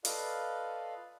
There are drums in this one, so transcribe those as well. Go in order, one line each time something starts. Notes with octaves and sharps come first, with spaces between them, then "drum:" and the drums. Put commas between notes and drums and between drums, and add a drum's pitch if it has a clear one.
F4 A4 B4 D5 D#5 F5, drum: hi-hat